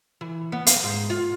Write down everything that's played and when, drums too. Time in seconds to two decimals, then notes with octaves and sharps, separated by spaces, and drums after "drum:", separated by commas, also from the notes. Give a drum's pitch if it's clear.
0.21 E3
0.52 B3
0.67 F5, drum: hi-hat
0.84 G#2
1.10 F4